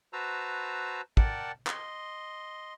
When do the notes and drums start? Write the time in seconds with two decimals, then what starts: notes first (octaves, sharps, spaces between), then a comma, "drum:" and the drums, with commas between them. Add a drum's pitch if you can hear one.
0.13 F#4 B4 C5 A5 A#5 E6
1.17 A#4 D5 F#5 G5 A5, drum: kick
1.67 D#5 C6, drum: clap